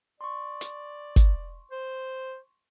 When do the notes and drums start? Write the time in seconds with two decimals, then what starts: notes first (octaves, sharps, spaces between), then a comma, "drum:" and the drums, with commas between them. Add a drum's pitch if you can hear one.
0.21 D5 C6 C#6
0.61 drum: hi-hat
1.16 drum: kick, hi-hat
1.71 C5